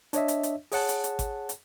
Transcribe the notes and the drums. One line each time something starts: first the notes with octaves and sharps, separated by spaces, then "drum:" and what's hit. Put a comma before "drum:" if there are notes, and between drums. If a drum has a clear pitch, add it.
D4 C#5 D#5 E5, drum: hi-hat
drum: hi-hat
drum: hi-hat
G#4 C#5 F#5 A5, drum: open hi-hat
drum: hi-hat
drum: hi-hat
drum: kick G#1, hi-hat
drum: hi-hat